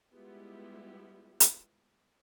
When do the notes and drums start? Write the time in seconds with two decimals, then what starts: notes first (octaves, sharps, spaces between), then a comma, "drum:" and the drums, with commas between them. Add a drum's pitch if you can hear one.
0.13 G3 G#3 B3 E4 F4 G4
1.40 drum: hi-hat